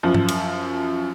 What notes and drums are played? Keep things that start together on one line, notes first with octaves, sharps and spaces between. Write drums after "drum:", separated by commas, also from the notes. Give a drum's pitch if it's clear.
F#2 F3
drum: tom G#2
drum: cymbal